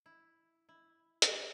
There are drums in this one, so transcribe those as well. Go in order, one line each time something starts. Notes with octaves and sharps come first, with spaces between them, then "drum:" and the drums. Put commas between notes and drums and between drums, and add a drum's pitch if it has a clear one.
E4
E4
drum: hi-hat
C#5